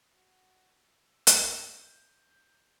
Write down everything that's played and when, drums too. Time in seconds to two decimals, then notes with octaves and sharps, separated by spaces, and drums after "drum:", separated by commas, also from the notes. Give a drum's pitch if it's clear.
0.15 F#4
0.86 E6
1.27 drum: hi-hat
1.61 G6